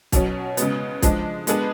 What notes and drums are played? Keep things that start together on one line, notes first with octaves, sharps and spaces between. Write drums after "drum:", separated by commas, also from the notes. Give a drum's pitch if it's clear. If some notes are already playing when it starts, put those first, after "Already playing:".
B2 F#3 C#4, drum: kick, hi-hat
C#3 G#3 B3, drum: hi-hat
F3 G#3 D4, drum: kick, hi-hat
G#3 B3 D4 G#4 B4, drum: hi-hat